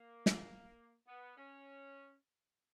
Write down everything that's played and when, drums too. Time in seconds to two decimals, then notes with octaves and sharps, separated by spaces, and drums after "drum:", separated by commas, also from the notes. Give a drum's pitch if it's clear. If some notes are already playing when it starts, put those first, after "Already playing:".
Already playing: A#3
0.26 drum: snare
1.07 B3
1.37 C#4